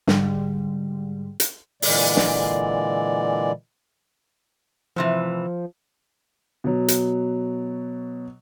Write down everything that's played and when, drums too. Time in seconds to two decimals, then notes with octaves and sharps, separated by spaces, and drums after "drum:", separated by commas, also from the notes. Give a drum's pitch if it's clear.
0.07 G#2 D3 G3, drum: snare
1.40 drum: hi-hat
1.82 A#2 D3 E3 G#3 D5, drum: open hi-hat
2.16 drum: snare
4.96 A2 C3 E3 F3
6.64 B2 F#3
6.88 drum: hi-hat